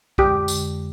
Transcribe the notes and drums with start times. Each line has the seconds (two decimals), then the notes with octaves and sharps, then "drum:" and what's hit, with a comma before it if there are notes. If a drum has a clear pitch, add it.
0.18 F2 D3 G#3 G4, drum: kick B1
0.48 F2 D3 G#3, drum: tambourine